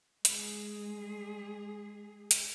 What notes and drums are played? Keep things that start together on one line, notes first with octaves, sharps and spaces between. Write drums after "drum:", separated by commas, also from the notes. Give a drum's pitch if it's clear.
G#3 G#4, drum: hi-hat
drum: hi-hat